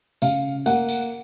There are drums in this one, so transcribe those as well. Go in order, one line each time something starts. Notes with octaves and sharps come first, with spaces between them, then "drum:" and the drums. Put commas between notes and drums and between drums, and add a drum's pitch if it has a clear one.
C#3 F5, drum: tambourine
A#3 F#5, drum: tambourine
drum: tambourine